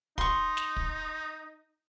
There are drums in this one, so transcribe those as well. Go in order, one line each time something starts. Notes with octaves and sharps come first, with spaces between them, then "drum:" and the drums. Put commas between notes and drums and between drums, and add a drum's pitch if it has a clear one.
D#4 C6 C#6, drum: kick
drum: snare
drum: kick